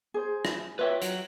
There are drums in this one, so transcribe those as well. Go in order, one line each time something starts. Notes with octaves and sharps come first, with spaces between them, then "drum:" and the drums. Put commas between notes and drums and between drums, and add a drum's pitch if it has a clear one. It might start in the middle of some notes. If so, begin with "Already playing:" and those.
G#4 C5
drum: rim click
F4 B4 C#5 E5 G5
F#3, drum: hi-hat